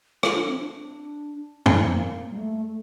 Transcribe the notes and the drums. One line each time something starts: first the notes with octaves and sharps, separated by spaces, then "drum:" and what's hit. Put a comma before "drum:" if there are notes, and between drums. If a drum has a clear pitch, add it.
F4, drum: rim click
D4
C4
D4
D4, drum: tom
E4
C4
A#3
G3
A3